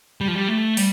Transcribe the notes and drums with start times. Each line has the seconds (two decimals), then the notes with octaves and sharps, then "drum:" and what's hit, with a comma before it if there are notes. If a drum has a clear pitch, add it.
0.21 G3
0.28 F3
0.35 G3
0.48 A3
0.77 G3, drum: open hi-hat